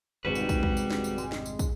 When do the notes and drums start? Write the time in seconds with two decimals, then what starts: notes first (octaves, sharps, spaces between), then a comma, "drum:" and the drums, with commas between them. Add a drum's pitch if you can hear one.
0.25 G#1 F2 G#2 C3 G3 F#4 B4
0.35 drum: tambourine
0.49 drum: kick, tambourine
0.63 drum: kick
0.77 drum: tambourine
0.90 drum: snare
1.04 drum: tambourine
1.18 G#3, drum: tambourine
1.32 drum: snare
1.46 drum: tambourine
1.59 drum: kick, tambourine